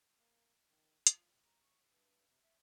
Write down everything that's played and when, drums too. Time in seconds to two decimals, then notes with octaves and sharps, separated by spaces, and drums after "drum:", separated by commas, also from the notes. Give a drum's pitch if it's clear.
0.18 A#3
0.69 D#3
1.07 F4, drum: hi-hat
1.44 A#5
1.63 C#6
1.89 G2
2.27 C3
2.43 E5